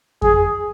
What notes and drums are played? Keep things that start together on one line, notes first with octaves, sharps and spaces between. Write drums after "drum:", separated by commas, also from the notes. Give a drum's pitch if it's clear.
G#4, drum: kick F2